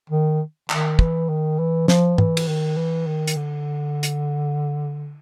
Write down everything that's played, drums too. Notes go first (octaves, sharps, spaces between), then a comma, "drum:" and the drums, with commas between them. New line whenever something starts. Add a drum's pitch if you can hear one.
D#3
D#3, drum: clap
E3, drum: kick
D#3
E3
F3, drum: snare
E3, drum: tom
drum: cymbal
D#3
E3
D#3
drum: hi-hat
D3
drum: hi-hat